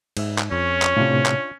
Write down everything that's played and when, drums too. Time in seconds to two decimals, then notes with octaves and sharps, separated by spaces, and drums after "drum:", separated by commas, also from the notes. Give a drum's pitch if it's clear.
0.17 G#2 E5, drum: cymbal
0.38 drum: clap
0.51 F2 C#4 C#5
0.82 drum: clap
0.97 A2 C3 D4 F4
1.26 drum: clap